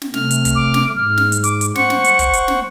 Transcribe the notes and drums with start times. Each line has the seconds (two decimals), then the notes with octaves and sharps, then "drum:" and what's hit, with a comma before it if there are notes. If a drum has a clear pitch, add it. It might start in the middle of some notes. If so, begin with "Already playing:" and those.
0.02 drum: snare
0.14 C3 A3 F6, drum: snare
0.31 drum: hi-hat
0.45 drum: kick, hi-hat
0.55 D6
0.74 drum: snare
0.96 G#2 F6
1.17 drum: snare
1.32 drum: hi-hat
1.44 D6, drum: hi-hat
1.61 drum: hi-hat
1.75 C5 F#5 C#6 C#7, drum: snare
1.90 drum: snare
2.04 drum: hi-hat
2.19 drum: kick, hi-hat
2.33 drum: hi-hat
2.48 drum: snare